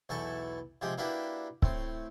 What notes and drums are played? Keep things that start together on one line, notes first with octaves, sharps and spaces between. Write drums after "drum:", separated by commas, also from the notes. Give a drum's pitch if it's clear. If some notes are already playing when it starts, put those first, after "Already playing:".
B1 E2 E3 A4 A5 C#6
C3 F3 G#3 G4
A#3 D4 E4 F#4 G4 B4
A2 C4, drum: kick C#1